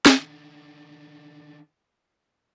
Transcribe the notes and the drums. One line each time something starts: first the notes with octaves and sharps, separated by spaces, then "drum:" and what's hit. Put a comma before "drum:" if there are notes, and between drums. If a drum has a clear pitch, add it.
D3 D#3, drum: snare